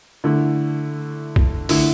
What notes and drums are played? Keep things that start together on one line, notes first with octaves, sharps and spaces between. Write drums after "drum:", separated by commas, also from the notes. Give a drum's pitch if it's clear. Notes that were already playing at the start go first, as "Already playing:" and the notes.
D3 A3 E4
drum: kick
D3 A3 E4, drum: open hi-hat